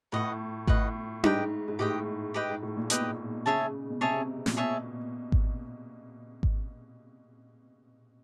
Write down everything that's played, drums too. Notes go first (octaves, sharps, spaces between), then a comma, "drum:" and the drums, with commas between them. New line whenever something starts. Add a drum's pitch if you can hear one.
A2 B4 D#5 F#5
A2 B4 D#5 F#5, drum: kick G#1
G#2 G4 B4 D#5 G5, drum: tom D4
G#2
A2 G4 B4 D#5 G5
G4 B4 D#5 G5
G#2
A2
A#2
B2 G4 B4 D#5 G5, drum: hi-hat
C#3 G#4 C#5 E5 A5
B2
C3 G#4 C#5 E5 A5
A#2, drum: snare
B2 G#4 C#5 E5 A5
drum: kick G#1
drum: kick G#1